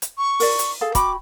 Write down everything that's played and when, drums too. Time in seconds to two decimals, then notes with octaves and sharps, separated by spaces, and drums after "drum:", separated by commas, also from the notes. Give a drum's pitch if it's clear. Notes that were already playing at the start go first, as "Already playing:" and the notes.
0.02 drum: hi-hat
0.18 C#6
0.40 A#4 D5, drum: open hi-hat
0.59 drum: hi-hat
0.81 G#4 A4 F5
0.95 F#4 G5 B5 D6, drum: kick, hi-hat